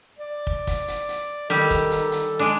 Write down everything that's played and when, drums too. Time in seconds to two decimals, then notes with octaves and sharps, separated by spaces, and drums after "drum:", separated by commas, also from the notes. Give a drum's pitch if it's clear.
0.18 D5
0.47 drum: kick
0.67 drum: kick, hi-hat
0.88 drum: hi-hat
1.09 drum: hi-hat
1.50 D#3 G3 G4 A4, drum: snare
1.70 drum: kick, hi-hat
1.91 drum: hi-hat
2.12 drum: hi-hat
2.39 G#3 D4 D6